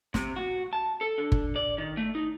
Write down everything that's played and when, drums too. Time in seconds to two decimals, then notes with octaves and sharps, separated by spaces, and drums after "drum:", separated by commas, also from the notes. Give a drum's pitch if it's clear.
0.14 C3, drum: snare
0.36 F#4
0.73 A5
1.01 A4
1.18 D3
1.32 drum: kick G1
1.56 D5
1.78 D#3
1.97 A3
2.15 D#4